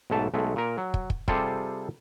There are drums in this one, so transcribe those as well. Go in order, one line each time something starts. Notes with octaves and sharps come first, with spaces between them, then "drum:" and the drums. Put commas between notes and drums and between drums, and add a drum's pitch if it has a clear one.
B1 G#2 A3 A5
B1 G#3 A3
A#2 A#4
F#3
drum: kick
drum: kick
C3 G3 F4 G#4 A4 C5, drum: kick